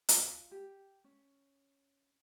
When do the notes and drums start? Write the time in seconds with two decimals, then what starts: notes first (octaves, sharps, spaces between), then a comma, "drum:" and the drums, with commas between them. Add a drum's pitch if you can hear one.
0.09 F4, drum: hi-hat
0.51 G4
1.04 C#4